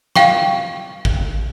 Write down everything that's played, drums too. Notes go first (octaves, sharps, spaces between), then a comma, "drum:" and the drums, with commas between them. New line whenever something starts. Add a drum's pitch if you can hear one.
F5 G5 C#6, drum: snare
drum: kick